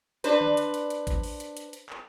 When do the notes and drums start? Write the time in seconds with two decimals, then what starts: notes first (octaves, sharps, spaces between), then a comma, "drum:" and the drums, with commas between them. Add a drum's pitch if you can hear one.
0.24 D4 B4 C5, drum: hi-hat
0.41 drum: tom D3
0.57 drum: hi-hat
0.74 drum: hi-hat
0.90 drum: hi-hat
1.07 drum: kick A1, hi-hat
1.23 drum: open hi-hat
1.40 drum: hi-hat
1.57 drum: hi-hat
1.73 drum: hi-hat
1.90 drum: clap